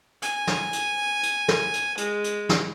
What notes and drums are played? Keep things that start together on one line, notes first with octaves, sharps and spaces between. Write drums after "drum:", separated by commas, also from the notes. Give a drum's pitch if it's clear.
G#5, drum: hi-hat
drum: snare
drum: hi-hat
drum: hi-hat
drum: snare
drum: hi-hat
G#3, drum: hi-hat
drum: hi-hat
drum: snare